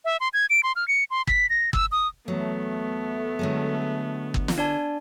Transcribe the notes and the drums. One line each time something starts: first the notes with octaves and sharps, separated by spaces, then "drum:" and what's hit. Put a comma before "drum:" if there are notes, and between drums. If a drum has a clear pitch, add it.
E5
C6
G#6
D7
C6
F6
C#7
C6
B6, drum: kick
A#6
E6, drum: kick
D#6
E2 F#3 A3 B3
D3 F#3 G#3
drum: kick
drum: snare
D4 D5 A5